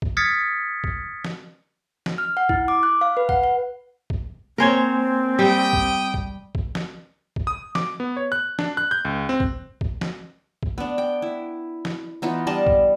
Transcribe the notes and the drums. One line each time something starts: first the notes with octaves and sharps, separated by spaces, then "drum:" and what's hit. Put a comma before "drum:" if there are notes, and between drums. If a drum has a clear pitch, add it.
drum: kick B1
D#6 F6 G#6 A6 B6 C#7
drum: kick B1
drum: snare
drum: snare
F6
F#5
E4, drum: kick B1
D6
F#6
F5
B4
F#5, drum: kick B1
F#5
drum: kick B1
A#3 C4 A#4 C5 C#5 G#5 G#6
G3 G5 D#6
drum: kick B1
drum: kick B1
drum: kick B1
drum: snare
drum: kick B1
D#6
D6, drum: snare
B3
C#5
F#6
D4, drum: snare
F#6
G6
C#2
C4
drum: kick B1
drum: kick B1
drum: snare
drum: kick B1
B3 D4
G5
E4
drum: snare
E3 B3 D#4 F4
G3 D4 D#5 A5
drum: kick B1